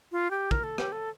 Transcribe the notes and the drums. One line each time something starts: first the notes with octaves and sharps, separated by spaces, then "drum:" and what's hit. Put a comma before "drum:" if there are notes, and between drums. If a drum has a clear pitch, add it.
F4
G4
A#4, drum: kick
A4
G4, drum: rim click
A4